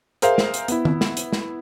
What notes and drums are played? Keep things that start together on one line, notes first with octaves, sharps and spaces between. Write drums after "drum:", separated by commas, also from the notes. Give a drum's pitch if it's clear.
G#4 A#4 C5 E5 F5, drum: hi-hat
drum: snare
drum: hi-hat
B3 E4, drum: hi-hat
drum: tom D#3
drum: snare
drum: hi-hat
drum: snare